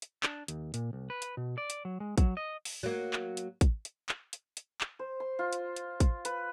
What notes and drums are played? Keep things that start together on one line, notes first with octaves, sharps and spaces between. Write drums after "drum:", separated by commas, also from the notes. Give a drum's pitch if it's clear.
drum: hi-hat
D4, drum: clap
D#2, drum: hi-hat
A#2, drum: hi-hat
C2
B4
drum: hi-hat
B2
D5
drum: hi-hat
F#3
G#3
F#3, drum: kick, hi-hat
D#5
drum: open hi-hat
F#3 A#3
drum: clap
drum: hi-hat
drum: kick, hi-hat
drum: hi-hat
drum: clap
drum: hi-hat
drum: hi-hat
drum: clap
C5
C6
F4
drum: hi-hat
drum: hi-hat
drum: kick, hi-hat
B4, drum: hi-hat